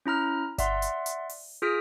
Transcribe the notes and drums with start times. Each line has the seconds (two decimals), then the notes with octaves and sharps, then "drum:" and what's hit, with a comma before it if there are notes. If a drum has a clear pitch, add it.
0.06 C#4 E4 A#5 F6
0.58 D5 E5 F#5 C6, drum: kick G1, hi-hat
0.82 drum: hi-hat
1.06 drum: hi-hat
1.29 drum: open hi-hat
1.62 F4 G#4 D#6 F6 B6 D7